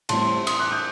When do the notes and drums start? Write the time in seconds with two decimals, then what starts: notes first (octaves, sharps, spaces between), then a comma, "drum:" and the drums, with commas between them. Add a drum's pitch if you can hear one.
0.09 A2 G3 C4 A5 C6, drum: cymbal
0.47 C6 D#6, drum: cymbal
0.59 D6 F#6
0.72 D#6 G6